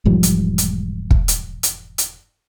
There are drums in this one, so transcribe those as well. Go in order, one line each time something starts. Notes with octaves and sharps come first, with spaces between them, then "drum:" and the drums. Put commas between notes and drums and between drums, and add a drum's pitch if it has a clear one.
E1 G#2 F3 G3
drum: hi-hat
drum: hi-hat
drum: kick
drum: hi-hat
drum: hi-hat
drum: hi-hat